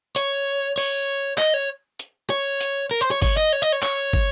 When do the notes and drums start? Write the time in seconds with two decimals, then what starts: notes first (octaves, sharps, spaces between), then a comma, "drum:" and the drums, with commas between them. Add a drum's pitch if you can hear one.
0.16 C#5, drum: hi-hat
0.78 C#5, drum: open hi-hat
1.38 D#5, drum: clap
1.54 C#5
1.99 drum: hi-hat
2.30 C#5
2.61 drum: hi-hat
2.91 A#4
3.01 C5
3.11 C#5
3.22 C#5, drum: kick, open hi-hat
3.37 D#5
3.53 C#5
3.62 D#5
3.72 C#5
3.83 C#5, drum: clap
4.13 drum: kick